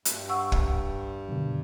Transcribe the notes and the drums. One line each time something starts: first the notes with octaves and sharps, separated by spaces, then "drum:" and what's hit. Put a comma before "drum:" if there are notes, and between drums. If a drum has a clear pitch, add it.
G2, drum: hi-hat
F#5 C#6 E6
drum: kick
F#2 B2 D3